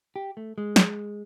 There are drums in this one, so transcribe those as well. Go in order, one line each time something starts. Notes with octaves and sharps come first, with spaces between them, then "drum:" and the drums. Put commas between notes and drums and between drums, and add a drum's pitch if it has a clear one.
G4
A3
G#3
drum: snare